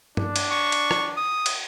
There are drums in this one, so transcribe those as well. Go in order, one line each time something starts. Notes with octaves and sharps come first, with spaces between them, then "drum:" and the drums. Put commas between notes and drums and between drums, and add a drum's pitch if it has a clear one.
D4, drum: tom G2
drum: cymbal
C#6
drum: cymbal
drum: rim click
D#6
drum: cymbal